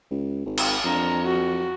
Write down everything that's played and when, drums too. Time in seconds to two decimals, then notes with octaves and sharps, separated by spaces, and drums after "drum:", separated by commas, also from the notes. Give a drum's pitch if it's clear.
0.11 C#2
0.45 G#1
0.57 drum: cymbal
0.84 F2 D4 A#5
1.26 F#4